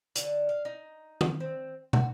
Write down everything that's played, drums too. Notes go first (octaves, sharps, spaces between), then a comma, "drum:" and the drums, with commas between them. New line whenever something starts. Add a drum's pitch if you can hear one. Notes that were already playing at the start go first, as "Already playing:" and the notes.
D3, drum: hi-hat
F5
D#4
drum: tom
C4
F#4, drum: tom